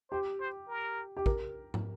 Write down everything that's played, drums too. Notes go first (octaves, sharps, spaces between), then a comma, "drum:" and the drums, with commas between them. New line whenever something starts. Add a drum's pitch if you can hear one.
G4 C5
C5
A#4
G4
A#4, drum: kick
drum: tom